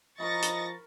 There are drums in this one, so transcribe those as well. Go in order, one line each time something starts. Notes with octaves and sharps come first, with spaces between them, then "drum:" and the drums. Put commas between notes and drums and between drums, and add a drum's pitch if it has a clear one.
F3 A#4 D#5 B5 C#6 A6 A#6
drum: hi-hat